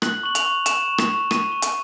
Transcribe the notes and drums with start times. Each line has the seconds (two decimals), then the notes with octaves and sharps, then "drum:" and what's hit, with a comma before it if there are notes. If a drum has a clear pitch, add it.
0.02 F#6 F#7, drum: rim click
0.23 C#6 F#7
0.35 F7, drum: hi-hat
0.46 C#6
0.66 C#6 E7, drum: hi-hat
0.88 C#6
0.98 drum: rim click
1.09 C#6
1.31 C#6 D#7, drum: rim click
1.52 C#6
1.62 drum: hi-hat